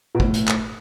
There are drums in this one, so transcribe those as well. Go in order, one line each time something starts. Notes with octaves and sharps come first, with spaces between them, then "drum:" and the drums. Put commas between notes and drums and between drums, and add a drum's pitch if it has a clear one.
B2
A2, drum: kick
drum: hi-hat
drum: clap